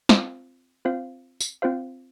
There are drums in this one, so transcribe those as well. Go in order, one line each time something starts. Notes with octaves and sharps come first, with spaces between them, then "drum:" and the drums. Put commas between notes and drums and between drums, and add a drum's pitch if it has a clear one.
C4 F4 C5 F5, drum: snare
C4 F4 C5 F5
drum: tambourine
C4 F4 C5 F5